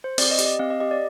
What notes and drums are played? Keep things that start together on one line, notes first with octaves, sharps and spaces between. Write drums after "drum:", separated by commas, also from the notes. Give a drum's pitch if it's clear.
C5
C4 D5, drum: open hi-hat
D#5
G4, drum: hi-hat
D#5
C4 F5
D#5
G4 D#5
D5